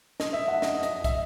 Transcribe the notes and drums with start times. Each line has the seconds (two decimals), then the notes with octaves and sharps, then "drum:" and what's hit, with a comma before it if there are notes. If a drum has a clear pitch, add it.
0.20 D#5, drum: snare
0.33 E5
0.48 F#5
0.62 D#5, drum: snare
0.83 D#5, drum: hi-hat
1.04 E5, drum: kick, hi-hat